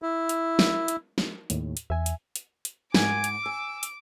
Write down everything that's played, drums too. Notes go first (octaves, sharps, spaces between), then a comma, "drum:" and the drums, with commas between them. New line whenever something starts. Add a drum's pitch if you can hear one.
E4
drum: hi-hat
drum: snare
drum: hi-hat
drum: snare
D#2 A2, drum: hi-hat
drum: hi-hat
E2 E5 G#5
drum: hi-hat
drum: hi-hat
drum: hi-hat
G#2 F#5 G#5 D6, drum: snare
drum: hi-hat
G#5 E6
drum: hi-hat